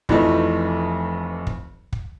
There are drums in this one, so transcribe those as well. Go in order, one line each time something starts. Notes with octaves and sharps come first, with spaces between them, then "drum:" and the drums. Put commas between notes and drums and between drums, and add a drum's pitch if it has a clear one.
F1 F2 E3 A3 D#4, drum: kick
drum: kick
drum: kick